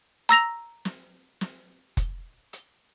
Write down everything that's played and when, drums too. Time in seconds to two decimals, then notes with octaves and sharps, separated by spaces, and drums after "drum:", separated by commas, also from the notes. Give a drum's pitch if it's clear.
0.29 A#5 E6 A#6 F7, drum: hi-hat
0.85 drum: snare
1.41 drum: snare
1.97 drum: kick F1, hi-hat
2.53 drum: hi-hat